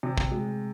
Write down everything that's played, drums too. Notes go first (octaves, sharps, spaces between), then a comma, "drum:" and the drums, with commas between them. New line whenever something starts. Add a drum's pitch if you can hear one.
C3
drum: kick
G#3